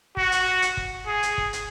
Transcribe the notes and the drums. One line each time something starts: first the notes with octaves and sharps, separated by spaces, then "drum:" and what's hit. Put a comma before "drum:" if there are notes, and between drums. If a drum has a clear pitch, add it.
F#4, drum: kick
drum: hi-hat
drum: hi-hat
drum: kick
G#4
drum: hi-hat
drum: kick
drum: hi-hat